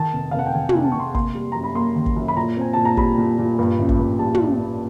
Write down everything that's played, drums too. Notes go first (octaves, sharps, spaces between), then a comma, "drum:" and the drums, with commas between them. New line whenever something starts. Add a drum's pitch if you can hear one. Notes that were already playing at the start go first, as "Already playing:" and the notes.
Already playing: D#3 A5
F1
F1 F5
F#5
G5
D#3 G#5
G#5, drum: tom
F1
A5
C#6
F1
C6
A#3 C6, drum: kick
G3
F#2 A#5
B5
A#3 C6
D#3
drum: kick
F#2
B5
A#2 A#5
C4 G#5
A#2 A5
A#5
G3 B5, drum: kick
A#2
A#2
G2
A1
drum: kick
G2
G3 A5
drum: tom